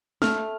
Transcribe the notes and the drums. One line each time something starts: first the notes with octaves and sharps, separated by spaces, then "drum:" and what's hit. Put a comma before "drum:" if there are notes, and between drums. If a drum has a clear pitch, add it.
A3 F6, drum: snare